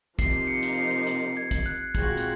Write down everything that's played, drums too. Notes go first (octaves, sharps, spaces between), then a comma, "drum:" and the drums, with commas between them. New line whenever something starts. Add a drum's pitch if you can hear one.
C3 F3 A#3 D#4 C7, drum: kick, hi-hat
C#7
drum: hi-hat
C7
drum: hi-hat
G#6
drum: kick, hi-hat
F#6
A#2 G#3 C4 F#4 G#6, drum: kick, hi-hat
drum: hi-hat